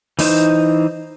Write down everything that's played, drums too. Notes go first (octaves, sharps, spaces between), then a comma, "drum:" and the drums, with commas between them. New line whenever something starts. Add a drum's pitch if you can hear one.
E3 D#4 C5, drum: open hi-hat